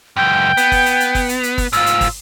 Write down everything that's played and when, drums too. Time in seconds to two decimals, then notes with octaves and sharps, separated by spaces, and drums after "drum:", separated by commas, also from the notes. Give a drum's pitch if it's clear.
0.16 C#2 F#2 G5
0.57 B3, drum: hi-hat
0.72 drum: kick, open hi-hat
0.86 drum: hi-hat
1.00 drum: hi-hat
1.15 drum: kick, open hi-hat
1.29 drum: hi-hat
1.43 drum: hi-hat
1.58 drum: kick, open hi-hat
1.73 G#2 F4 E6, drum: hi-hat
1.86 drum: hi-hat
2.01 drum: kick, open hi-hat